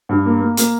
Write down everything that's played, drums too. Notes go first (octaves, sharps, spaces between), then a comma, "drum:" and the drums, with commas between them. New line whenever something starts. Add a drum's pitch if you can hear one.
G2
A#3
A#3
A#3, drum: hi-hat